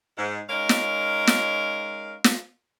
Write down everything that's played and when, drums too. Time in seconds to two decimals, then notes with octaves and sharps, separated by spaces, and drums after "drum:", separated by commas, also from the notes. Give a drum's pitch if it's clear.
0.18 G#2
0.50 G#3 C#4 D#4 A#4 F5
0.69 drum: snare
1.27 drum: snare
2.24 drum: snare